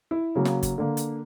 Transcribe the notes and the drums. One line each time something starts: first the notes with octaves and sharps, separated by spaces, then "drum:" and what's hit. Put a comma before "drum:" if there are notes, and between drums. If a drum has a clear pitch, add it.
E4
C#3 F#3 A#3
drum: snare
drum: kick G1, hi-hat
D3 A#3
drum: hi-hat